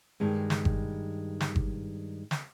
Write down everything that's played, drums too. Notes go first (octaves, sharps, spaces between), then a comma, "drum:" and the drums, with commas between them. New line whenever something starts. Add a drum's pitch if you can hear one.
G2 D#3 G3 G#3
drum: snare
drum: kick G1
drum: snare
drum: kick G1
drum: snare